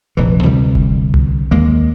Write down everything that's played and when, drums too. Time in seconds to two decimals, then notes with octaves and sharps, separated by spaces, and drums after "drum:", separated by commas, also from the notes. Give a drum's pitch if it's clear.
0.17 F1 A#1 E3
0.43 D2 C3 E3 G3
0.75 drum: kick F#1
1.14 drum: tom C2
1.51 D#2 G#3 A#3